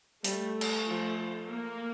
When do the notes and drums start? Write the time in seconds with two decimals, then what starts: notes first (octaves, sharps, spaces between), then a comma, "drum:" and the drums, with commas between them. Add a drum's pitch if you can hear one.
0.24 G3 A3, drum: hi-hat
0.61 drum: cymbal
0.87 F3
1.48 A#3